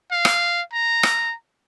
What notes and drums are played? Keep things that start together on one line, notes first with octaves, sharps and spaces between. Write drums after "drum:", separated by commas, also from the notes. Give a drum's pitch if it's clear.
F5
drum: rim click
A#5
drum: rim click